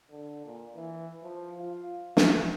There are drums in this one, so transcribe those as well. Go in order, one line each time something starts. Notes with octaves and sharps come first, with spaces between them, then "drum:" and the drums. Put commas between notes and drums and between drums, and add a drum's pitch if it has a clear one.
D3
A#2
E3
F3
F4
E3, drum: snare